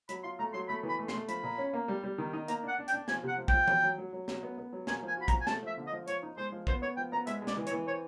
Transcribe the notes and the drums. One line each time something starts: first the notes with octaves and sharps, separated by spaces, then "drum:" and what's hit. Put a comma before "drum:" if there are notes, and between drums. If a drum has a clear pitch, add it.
F#3 B5, drum: hi-hat
F4 C6
A3 A#5
F#3 C6
A3 B5
E3
B5
A3
C6, drum: snare
A3
F3 B5, drum: hi-hat
A#2
C#4
A#3
G3
G3
D#3
D#4
A#3 A#5, drum: hi-hat
D4
F#5
D4
G5, drum: hi-hat
D4
F3 G#5, drum: snare
C3 F#5
F3
F3 G5, drum: kick
F#3, drum: tom E3
F#3
F#3
F#3
F#3, drum: snare
B3
B3
F#3
A#3 G#5, drum: snare
F3
G#5
F#4 B5
A#5, drum: kick, hi-hat
F3
G#5
A3 A5, drum: snare
F3 E5
D3
D#5
F3
F3 C#5, drum: hi-hat
D#4
G#3 C5
F3
B3 C5, drum: kick
B3 C#5
F3 G5
B3 A#5
G#3 E5, drum: hi-hat
G#3
D5, drum: snare
E3
C#5, drum: hi-hat
E3
C4 C#5